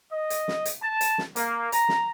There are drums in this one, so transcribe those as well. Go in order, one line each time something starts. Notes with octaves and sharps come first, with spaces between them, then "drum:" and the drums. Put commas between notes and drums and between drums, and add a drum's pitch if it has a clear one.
D#5
drum: hi-hat
drum: snare
drum: hi-hat
A5
drum: hi-hat
drum: snare
A#3, drum: hi-hat
A#5, drum: hi-hat
drum: snare